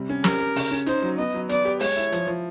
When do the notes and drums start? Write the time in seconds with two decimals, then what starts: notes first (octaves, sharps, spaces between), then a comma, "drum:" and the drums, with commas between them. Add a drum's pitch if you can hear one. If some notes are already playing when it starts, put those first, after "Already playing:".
Already playing: C3 G3
0.09 C#4
0.24 G4 A#4, drum: snare
0.40 G4
0.56 C#3, drum: open hi-hat
0.71 C#4
0.86 D#4 C5, drum: hi-hat
1.02 F#3
1.18 B3 D#5
1.34 F#3
1.49 B3 D5, drum: hi-hat
1.65 G4
1.81 G#3 C#5, drum: open hi-hat
1.96 E4
2.12 F3, drum: hi-hat
2.27 F3